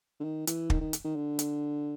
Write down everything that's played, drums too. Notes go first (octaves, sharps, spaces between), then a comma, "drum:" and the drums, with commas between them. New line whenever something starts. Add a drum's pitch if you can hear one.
D3
D#3
E3, drum: hi-hat
D#3, drum: kick
D#3
drum: hi-hat
D#3
D3
drum: hi-hat